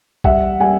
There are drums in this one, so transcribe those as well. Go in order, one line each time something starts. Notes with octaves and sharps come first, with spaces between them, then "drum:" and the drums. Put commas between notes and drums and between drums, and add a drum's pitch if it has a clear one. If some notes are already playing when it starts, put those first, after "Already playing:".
G3 E5 F#5, drum: kick
G3 F#5 G#5